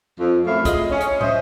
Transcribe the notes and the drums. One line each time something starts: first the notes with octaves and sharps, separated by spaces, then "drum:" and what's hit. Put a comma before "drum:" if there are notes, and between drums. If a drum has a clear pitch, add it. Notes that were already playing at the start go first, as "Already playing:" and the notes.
F2
F#2 A2 A3 E4 E5 F5
A3 F4 G#4 D#5, drum: kick, hi-hat
C#4
drum: hi-hat
C5 D#5 E5, drum: tom